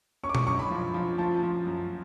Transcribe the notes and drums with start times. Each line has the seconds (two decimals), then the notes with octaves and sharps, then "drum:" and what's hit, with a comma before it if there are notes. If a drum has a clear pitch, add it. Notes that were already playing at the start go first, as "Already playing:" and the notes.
0.23 C#4 C#6
0.29 D6
0.35 C#6, drum: tom B2
0.47 F#2 C#6
0.59 B5
0.71 F3
0.94 F3
1.18 F3 A5
1.43 F3
1.67 F#2